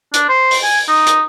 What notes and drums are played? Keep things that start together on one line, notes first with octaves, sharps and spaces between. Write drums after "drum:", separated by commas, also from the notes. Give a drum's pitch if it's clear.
D4, drum: hi-hat
C5
drum: open hi-hat
G#5
D#4
drum: hi-hat